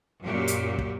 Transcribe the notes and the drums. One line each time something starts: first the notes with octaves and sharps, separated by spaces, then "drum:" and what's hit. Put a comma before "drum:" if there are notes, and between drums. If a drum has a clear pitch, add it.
F#2 A#2 F#4 G4
drum: hi-hat
drum: kick